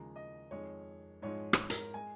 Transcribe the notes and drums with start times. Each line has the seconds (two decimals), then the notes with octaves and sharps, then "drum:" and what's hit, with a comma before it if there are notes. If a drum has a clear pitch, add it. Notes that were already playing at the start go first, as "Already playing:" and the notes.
Already playing: D#2 C#3 F3 G#3 A#5
0.16 D#5
0.51 F2 D#3 G#3 C#5
1.22 G#2 F3 G#3 C#5
1.53 drum: rim click
1.70 A#4, drum: hi-hat
1.94 G#3 G#5